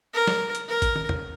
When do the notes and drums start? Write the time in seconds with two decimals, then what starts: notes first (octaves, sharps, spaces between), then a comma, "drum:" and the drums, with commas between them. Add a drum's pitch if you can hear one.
0.14 A#4
0.27 drum: snare
0.55 drum: hi-hat
0.68 A#4
0.82 drum: kick G#1, hi-hat
0.96 drum: tom
1.09 drum: tom